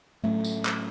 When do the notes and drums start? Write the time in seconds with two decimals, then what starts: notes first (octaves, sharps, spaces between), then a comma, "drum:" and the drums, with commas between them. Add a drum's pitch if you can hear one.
0.23 A2 F#3 A3 C#4
0.44 drum: tambourine
0.65 drum: clap